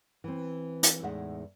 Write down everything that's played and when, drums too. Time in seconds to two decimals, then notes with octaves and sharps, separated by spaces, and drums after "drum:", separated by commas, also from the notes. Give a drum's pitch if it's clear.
0.24 E3 C4
0.83 drum: hi-hat
1.03 E2 A2 G#3 D#4 E5 F#5